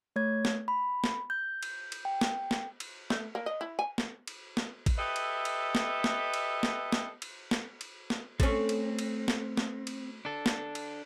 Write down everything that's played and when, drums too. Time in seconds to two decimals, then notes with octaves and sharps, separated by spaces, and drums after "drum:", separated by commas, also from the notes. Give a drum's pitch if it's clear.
0.16 A3 C#5 G#6
0.45 drum: snare
0.68 B5
1.04 drum: snare
1.30 G6
1.63 drum: cymbal
1.92 drum: cymbal
2.05 G5
2.21 drum: snare
2.51 drum: snare
2.80 drum: cymbal
3.10 A3, drum: snare
3.35 A#3
3.46 D#5
3.61 E4
3.79 G#5
3.98 drum: snare
4.27 drum: cymbal
4.57 drum: snare
4.86 drum: kick A1, cymbal
4.98 G4 A4 B4 D#5 E5
5.16 drum: cymbal
5.45 drum: cymbal
5.75 drum: snare
6.04 drum: snare
6.34 drum: cymbal
6.63 drum: snare
6.92 drum: snare
7.22 drum: cymbal
7.51 drum: snare
7.81 drum: cymbal
8.10 drum: snare
8.40 A3 C4 C#4, drum: kick A1, cymbal
8.69 drum: cymbal
8.99 drum: cymbal
9.28 drum: snare
9.57 drum: snare
9.87 drum: cymbal
10.25 D4 A4
10.46 drum: snare
10.75 drum: cymbal